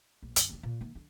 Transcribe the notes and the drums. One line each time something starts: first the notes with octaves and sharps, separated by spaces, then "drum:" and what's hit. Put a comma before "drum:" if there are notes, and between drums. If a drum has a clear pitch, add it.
A#1
F#2 D3, drum: hi-hat
D#2 D3
A#2
D#3 A#3
D3